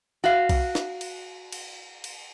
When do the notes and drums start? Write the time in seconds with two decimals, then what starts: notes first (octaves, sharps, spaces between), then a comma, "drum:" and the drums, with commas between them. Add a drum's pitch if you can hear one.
0.24 F#4 F5
0.49 drum: kick B1, cymbal
0.75 drum: snare
1.01 drum: cymbal
1.52 drum: cymbal
2.04 drum: cymbal